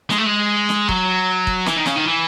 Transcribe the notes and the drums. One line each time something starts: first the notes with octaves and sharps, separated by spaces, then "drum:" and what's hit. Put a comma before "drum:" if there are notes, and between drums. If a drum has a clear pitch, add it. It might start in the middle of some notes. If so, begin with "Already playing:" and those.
G#3, drum: snare
A3
G#3
drum: snare
F#3, drum: kick
drum: kick
E3, drum: snare
D#3
C#3, drum: snare
D#3
E3